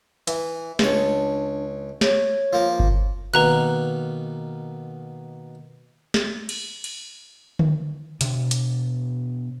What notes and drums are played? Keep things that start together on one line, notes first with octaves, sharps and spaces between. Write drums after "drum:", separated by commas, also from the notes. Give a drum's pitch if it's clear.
E3, drum: hi-hat
C#2 D4 C#5, drum: snare
C#5, drum: snare
F3 A#3
drum: kick G1
B2 D#3 A#3 B4 A#5 F#6
drum: snare
drum: cymbal
drum: cymbal
drum: tom D3
B2 D4, drum: hi-hat
drum: hi-hat